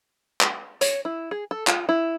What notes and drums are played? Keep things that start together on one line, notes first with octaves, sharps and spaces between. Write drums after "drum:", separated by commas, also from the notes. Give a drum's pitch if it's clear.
drum: clap
C#5, drum: hi-hat
E4
G#4
A4
F4, drum: clap
E4